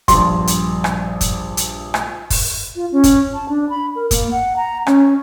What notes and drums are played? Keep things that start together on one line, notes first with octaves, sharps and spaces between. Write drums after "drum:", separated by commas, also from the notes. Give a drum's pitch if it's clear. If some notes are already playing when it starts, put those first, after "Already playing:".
A#1 G2 G5 C6, drum: kick, hi-hat
drum: hi-hat
drum: rim click
drum: kick, hi-hat
drum: hi-hat
drum: rim click
drum: kick, open hi-hat
F4
C#4
drum: kick, hi-hat
A5
D4
B5
A#4
A#3, drum: kick, hi-hat
F#5
A#5
C#4, drum: rim click